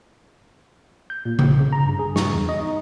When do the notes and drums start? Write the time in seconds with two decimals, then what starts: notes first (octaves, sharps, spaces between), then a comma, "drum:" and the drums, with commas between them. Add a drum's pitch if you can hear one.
1.10 G6
1.25 A#2
1.39 A#1, drum: tom C#3
1.60 C#3
1.73 A#5
1.86 G2
1.99 G#4
2.16 C#6, drum: snare
2.33 E2
2.49 D#5
2.61 D#4